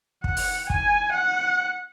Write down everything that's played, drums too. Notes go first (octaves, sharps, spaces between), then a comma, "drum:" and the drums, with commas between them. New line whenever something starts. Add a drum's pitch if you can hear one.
F#5, drum: kick
drum: open hi-hat
G#5, drum: kick
F#5